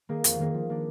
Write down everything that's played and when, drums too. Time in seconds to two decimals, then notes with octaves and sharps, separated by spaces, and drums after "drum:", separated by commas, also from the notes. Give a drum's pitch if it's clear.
0.09 D#3 A#3 D#4 G#4
0.24 F2, drum: hi-hat
0.39 D#3 A#3 D#4 G#4
0.54 F3
0.70 A#3 D4